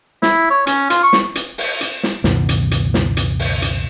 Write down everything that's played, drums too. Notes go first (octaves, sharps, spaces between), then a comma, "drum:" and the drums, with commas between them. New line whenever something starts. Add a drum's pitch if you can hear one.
E4, drum: snare
C#5
C#4, drum: hi-hat
F4, drum: hi-hat
C#6
drum: snare
drum: hi-hat
drum: open hi-hat
drum: hi-hat
drum: snare
C#2 F#2 B2 D#3, drum: snare
drum: hi-hat
drum: hi-hat
drum: snare
drum: hi-hat
drum: open hi-hat
drum: hi-hat